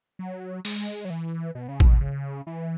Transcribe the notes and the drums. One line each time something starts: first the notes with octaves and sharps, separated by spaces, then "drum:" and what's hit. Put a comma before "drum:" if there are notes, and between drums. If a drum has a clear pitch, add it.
F#3
G#3, drum: open hi-hat
F#3
E3
B2
C#3
B2, drum: kick A1
C#3
E3